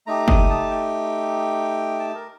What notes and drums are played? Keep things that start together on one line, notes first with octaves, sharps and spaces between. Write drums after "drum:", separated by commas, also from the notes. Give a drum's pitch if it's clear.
A3 D#4 G4 A#5
D#6, drum: kick F#1
A5
G5
A5
A#4